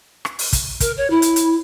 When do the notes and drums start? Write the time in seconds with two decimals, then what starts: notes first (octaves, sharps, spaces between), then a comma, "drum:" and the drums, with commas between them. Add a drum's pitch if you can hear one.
0.25 drum: rim click
0.39 drum: open hi-hat
0.53 drum: kick, hi-hat
0.80 A#4, drum: kick, hi-hat
0.97 C#5
1.10 E4
1.22 drum: hi-hat
1.36 drum: hi-hat